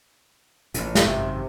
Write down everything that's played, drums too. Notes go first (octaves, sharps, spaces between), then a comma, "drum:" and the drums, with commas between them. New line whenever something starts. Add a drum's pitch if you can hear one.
A1 A#2, drum: hi-hat
drum: snare
G#1 F#2 C3 D#3